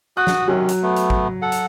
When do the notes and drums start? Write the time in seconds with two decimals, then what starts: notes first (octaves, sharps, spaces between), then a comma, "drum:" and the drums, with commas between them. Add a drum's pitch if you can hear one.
0.17 F#4 D#6 F#6
0.27 drum: snare
0.48 C3 D#3 F#3 C#4
0.68 drum: hi-hat
0.82 A3 B3
0.96 drum: hi-hat
1.10 drum: kick G#1
1.42 A4 F#5
1.52 drum: hi-hat